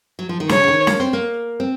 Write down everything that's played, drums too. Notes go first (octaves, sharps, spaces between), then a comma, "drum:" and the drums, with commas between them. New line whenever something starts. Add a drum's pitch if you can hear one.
F#3
F3
D#3
C#3 C#5, drum: snare
C#3
D#3
A#3, drum: snare
C4
A#3
C4